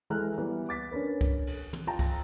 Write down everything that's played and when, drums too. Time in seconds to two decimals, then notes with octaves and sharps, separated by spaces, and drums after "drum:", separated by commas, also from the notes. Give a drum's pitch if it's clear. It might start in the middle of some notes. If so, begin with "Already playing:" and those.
0.10 E3 G#3 A4 A#5 F6 F#6
0.38 E3 G3 B3
0.69 D6 A6 B6
0.91 C#4 D4 A#4 B4
1.21 drum: kick C2
1.47 drum: cymbal
1.73 drum: tom
1.87 F4 G5 A5 A#5
1.99 drum: kick C2, cymbal